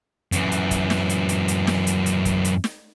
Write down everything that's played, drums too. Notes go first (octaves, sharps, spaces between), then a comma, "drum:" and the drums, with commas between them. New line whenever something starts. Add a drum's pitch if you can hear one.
F#2 E3, drum: hi-hat
drum: hi-hat
drum: kick, hi-hat
drum: snare
drum: hi-hat
drum: hi-hat
drum: hi-hat
drum: snare
drum: hi-hat
drum: hi-hat
drum: kick, hi-hat
drum: hi-hat
drum: snare